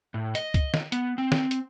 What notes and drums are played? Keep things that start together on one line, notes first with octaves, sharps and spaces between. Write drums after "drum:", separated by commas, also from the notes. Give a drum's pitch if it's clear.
A2
D#5, drum: hi-hat
drum: kick, hi-hat
drum: snare
B3, drum: hi-hat
C4
drum: snare
drum: hi-hat